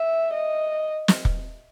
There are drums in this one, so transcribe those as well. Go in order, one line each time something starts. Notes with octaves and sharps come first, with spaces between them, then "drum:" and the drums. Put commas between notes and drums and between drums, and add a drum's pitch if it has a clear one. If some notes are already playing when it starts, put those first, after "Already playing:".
Already playing: E5
D#5
drum: snare
drum: kick